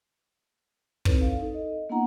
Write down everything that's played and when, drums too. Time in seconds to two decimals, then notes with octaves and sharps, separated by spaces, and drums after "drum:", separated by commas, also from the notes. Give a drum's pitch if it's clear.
1.05 C4 D#4 E4 A4 B4 C#5, drum: kick
1.21 F5
1.41 D#4 A4
1.54 D#5
1.89 A#3 B3 D4 E4 F#5 A#5